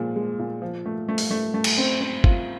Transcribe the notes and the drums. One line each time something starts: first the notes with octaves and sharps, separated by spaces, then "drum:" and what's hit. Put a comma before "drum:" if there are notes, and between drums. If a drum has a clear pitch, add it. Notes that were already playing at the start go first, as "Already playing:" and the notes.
Already playing: A#2 F3 G#3
G#3
A#2
F3
A3
A3
drum: open hi-hat
A3
A3
drum: cymbal
C4
C4
F4, drum: kick